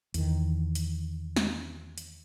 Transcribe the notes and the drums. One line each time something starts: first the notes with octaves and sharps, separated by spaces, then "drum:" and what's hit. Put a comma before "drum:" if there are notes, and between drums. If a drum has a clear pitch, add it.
E2 D#3, drum: hi-hat
drum: hi-hat
drum: snare
drum: hi-hat